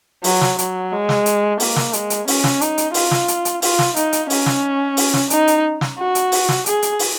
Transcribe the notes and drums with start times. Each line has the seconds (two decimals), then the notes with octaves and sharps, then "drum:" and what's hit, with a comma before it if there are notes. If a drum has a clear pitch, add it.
0.24 F#3, drum: open hi-hat
0.41 drum: snare
0.58 F#3, drum: hi-hat
0.92 G#3
1.09 drum: snare
1.26 drum: hi-hat
1.60 A#3, drum: open hi-hat
1.76 drum: snare
1.93 G#3, drum: hi-hat
2.10 drum: hi-hat
2.28 C#4, drum: open hi-hat
2.44 drum: snare
2.61 D#4, drum: hi-hat
2.78 drum: hi-hat
2.94 F4, drum: open hi-hat
3.11 drum: snare
3.28 drum: hi-hat
3.45 drum: hi-hat
3.62 F4, drum: open hi-hat
3.79 drum: snare
3.96 D#4, drum: hi-hat
4.13 drum: hi-hat
4.30 C#4, drum: open hi-hat
4.46 drum: snare
4.97 drum: open hi-hat
5.14 drum: snare
5.30 D#4, drum: hi-hat
5.47 drum: hi-hat
5.81 drum: snare
5.99 F#4
6.15 drum: hi-hat
6.32 drum: open hi-hat
6.49 drum: snare
6.66 G#4, drum: hi-hat
6.82 drum: hi-hat
6.99 drum: open hi-hat